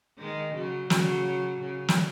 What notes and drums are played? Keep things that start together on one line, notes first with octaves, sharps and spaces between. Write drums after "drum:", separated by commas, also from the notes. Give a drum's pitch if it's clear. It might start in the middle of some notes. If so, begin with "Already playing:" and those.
D#3 G#3
C#3 F#3
C#3 F#3, drum: snare
C#3
drum: snare